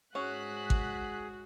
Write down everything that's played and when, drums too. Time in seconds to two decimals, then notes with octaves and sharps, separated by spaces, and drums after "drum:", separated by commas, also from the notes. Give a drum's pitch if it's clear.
0.15 G#2 C#4 F#4 G#4 F#6 B6
0.70 drum: kick G#1